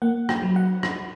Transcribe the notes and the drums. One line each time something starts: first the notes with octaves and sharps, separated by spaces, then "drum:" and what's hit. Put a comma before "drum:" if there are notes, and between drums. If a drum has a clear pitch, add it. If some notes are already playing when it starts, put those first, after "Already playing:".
A#3 F#5
G5, drum: rim click
F#3
F#5
drum: rim click